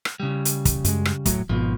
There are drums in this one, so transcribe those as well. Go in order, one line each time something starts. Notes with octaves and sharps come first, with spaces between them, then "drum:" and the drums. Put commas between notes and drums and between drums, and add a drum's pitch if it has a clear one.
drum: rim click
C#3 G3
drum: hi-hat
drum: kick, hi-hat
F#2 G#3, drum: hi-hat
drum: rim click
A2 F#3, drum: kick, hi-hat
G#1 G#2 B2 F3